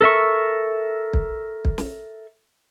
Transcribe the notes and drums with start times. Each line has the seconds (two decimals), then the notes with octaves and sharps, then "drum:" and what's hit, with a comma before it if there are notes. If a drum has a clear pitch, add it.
0.01 A4 A#4 E5 C#6
1.13 drum: kick
1.65 drum: kick
1.78 drum: snare